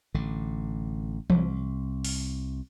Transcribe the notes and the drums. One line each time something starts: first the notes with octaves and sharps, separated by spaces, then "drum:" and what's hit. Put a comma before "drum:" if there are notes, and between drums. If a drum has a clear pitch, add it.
A1 D3
C2, drum: tom E3
drum: open hi-hat